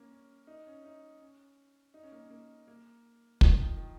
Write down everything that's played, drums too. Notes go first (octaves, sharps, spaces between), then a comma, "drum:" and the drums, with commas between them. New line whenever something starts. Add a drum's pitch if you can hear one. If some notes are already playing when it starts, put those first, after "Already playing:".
Already playing: A#3 C#4
C#4
D#4
C#4
D#4
C#4
D#4
C#4
A#3
C#4
A#3
A#3
F3, drum: kick
D#3
D#3